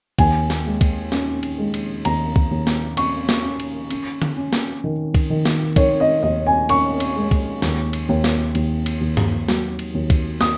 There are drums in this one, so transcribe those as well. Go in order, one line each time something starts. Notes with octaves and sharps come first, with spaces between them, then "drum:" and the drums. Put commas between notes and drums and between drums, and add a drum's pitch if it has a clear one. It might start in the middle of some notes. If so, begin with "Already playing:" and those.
D#2 G#5, drum: kick, cymbal
drum: snare
G#3
drum: kick, cymbal
C#4, drum: snare
drum: cymbal
G#3
drum: cymbal
D#2 A#5, drum: cymbal
drum: kick
D#2
drum: snare
C#4 C#6, drum: cymbal
drum: snare
C#4
drum: cymbal
C#4, drum: cymbal
drum: tom D3
C#4
drum: snare
D#3
drum: kick, cymbal
D#3
drum: snare
D#3 C#5, drum: kick, cymbal
D#5
D#2 D#5
G#5
C#4 C#6, drum: cymbal
drum: cymbal
G#3
drum: kick, cymbal
D#2, drum: snare
drum: cymbal
D#2
drum: snare
D#2, drum: cymbal
drum: cymbal
D#2
drum: tom G2
F#3, drum: snare
drum: cymbal
D#2
drum: kick, cymbal
D#6, drum: snare